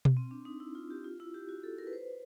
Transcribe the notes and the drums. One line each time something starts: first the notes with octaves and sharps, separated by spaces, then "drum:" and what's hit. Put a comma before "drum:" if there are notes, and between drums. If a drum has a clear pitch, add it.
drum: tom B2
C4
D4
D#4
E4
F4
G4
F4
E4
G4
F#4
A4
A#4
B4
C5